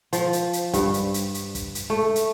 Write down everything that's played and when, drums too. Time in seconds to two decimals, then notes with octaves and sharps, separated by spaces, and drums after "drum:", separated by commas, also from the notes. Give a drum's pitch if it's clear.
0.13 F3, drum: hi-hat
0.33 drum: hi-hat
0.53 drum: hi-hat
0.73 G2, drum: kick, hi-hat
0.94 drum: hi-hat
1.14 drum: hi-hat
1.34 drum: hi-hat
1.55 drum: kick, hi-hat
1.75 drum: hi-hat
1.90 A3
2.16 drum: hi-hat